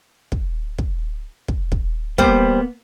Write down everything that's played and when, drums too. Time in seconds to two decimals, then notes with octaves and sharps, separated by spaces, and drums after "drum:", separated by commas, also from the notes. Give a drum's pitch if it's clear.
0.32 drum: kick
0.78 drum: kick
1.48 drum: kick
1.72 drum: kick
2.18 G3 A#3 B3 C5, drum: kick